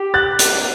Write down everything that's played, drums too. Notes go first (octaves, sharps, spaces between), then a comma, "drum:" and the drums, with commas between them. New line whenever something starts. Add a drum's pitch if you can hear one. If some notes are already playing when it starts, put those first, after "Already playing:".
Already playing: G4
F#6 A6
drum: hi-hat